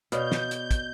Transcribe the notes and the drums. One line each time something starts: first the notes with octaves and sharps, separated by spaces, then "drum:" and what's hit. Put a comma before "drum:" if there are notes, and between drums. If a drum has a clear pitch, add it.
B2 B4 C#5 D5 F5 G6, drum: hi-hat
drum: snare
drum: hi-hat
drum: kick, hi-hat